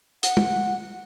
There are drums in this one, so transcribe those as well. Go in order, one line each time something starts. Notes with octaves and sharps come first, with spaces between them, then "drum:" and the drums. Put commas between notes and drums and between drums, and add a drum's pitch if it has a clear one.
F#5, drum: hi-hat
drum: tom